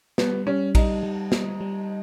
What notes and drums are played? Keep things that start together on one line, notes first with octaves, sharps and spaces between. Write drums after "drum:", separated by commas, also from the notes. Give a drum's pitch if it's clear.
G3 B3, drum: snare
G3 C#4
G3 D#4, drum: kick A#1, cymbal
G3
G3, drum: snare
G3